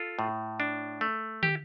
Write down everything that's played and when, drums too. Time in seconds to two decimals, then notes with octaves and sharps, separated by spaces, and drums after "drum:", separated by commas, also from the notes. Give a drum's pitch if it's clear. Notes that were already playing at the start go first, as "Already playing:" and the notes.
Already playing: F4 A4
0.19 A2
0.60 D4
1.01 A3
1.43 G4, drum: tom